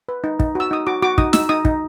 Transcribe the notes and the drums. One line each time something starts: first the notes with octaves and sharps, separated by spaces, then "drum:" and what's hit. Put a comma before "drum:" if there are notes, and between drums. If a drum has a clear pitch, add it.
B4
D#4
D#4, drum: kick
F#4 E6
D#4 D#6
F#4 D6
F#4 D6
D#4 D#6, drum: kick
D#4 E6, drum: snare
D#4 D#6
D#4, drum: kick